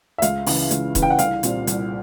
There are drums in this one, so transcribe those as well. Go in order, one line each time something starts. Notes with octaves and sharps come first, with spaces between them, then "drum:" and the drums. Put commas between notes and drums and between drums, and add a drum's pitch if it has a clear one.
E5
C#2 F5, drum: hi-hat
C#3 E3, drum: open hi-hat
C#2, drum: hi-hat
C#3 E3, drum: kick D#1, hi-hat
G5
F#5
C2 F5, drum: hi-hat
A#2 G3 C4, drum: hi-hat
C2, drum: hi-hat